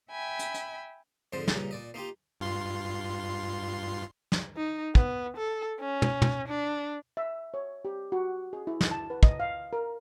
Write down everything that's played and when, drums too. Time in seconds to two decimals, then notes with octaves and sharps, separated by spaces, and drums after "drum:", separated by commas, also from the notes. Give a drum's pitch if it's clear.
0.10 E5 G5 G#5 B5
0.39 drum: hi-hat
0.54 drum: hi-hat
1.33 F2 G#2 D3 C5 A5 D#6
1.48 G2 A#2 C#3 D#4, drum: snare
1.71 A#2 D5 D#5
1.94 A#3 D#4 F4 G4
2.40 G2 F4 C6
4.32 drum: snare
4.56 D#4
4.95 B3, drum: kick
5.37 A4
5.80 C#4
6.02 drum: tom
6.22 drum: tom
6.48 D4
7.17 E5
7.54 C#5
7.85 G4
8.12 F#4
8.53 G#4
8.67 E4
8.81 drum: snare
8.91 A5
9.10 B4
9.23 D#5, drum: kick
9.40 F5
9.73 A#4